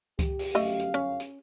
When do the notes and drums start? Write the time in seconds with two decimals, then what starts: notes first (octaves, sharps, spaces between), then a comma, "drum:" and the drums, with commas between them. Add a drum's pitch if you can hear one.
0.19 G4, drum: kick C#2, hi-hat
0.39 drum: open hi-hat
0.55 G1 F#2 A3 D#5 F5
0.79 drum: hi-hat
0.94 C#4
1.20 drum: hi-hat